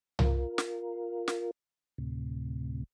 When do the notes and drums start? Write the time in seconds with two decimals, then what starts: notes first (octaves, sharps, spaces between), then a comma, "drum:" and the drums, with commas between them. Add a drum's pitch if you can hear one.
0.19 F4 A#4, drum: tom C2
0.58 drum: snare
1.28 drum: snare
1.98 D2 A2 C3